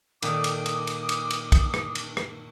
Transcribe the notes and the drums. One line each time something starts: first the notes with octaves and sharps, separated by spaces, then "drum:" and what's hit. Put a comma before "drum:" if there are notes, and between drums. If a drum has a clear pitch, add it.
A#2 D#3 A4 D6 D#6, drum: cymbal
drum: cymbal
drum: cymbal
drum: cymbal
drum: cymbal
drum: cymbal
drum: kick, cymbal
drum: rim click
drum: cymbal
drum: rim click